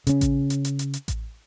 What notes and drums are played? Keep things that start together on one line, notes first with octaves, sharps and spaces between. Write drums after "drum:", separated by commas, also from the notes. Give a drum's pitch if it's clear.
C#3 C#4, drum: hi-hat
drum: kick A1, hi-hat
drum: hi-hat
drum: hi-hat
drum: hi-hat
drum: hi-hat
drum: kick A1, hi-hat